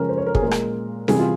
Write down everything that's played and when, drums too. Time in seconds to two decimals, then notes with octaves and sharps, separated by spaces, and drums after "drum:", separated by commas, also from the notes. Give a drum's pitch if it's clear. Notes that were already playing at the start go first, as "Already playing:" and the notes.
Already playing: C#3 F3 G#3 C#4 A#4
0.09 C5
0.18 C#5
0.27 A#4
0.35 G#4, drum: kick
0.42 A#2 G#3 A#4
0.51 drum: rim click
1.08 C3 E3 G3 G#4, drum: snare C#4
1.19 F4